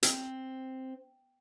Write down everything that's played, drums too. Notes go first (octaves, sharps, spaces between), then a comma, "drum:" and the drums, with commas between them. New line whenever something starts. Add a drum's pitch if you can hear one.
C4, drum: hi-hat